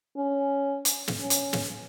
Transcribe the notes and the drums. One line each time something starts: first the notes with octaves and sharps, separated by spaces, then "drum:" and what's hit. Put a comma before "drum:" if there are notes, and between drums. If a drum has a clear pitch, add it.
C#4
drum: hi-hat
drum: snare
C#4
drum: hi-hat
drum: snare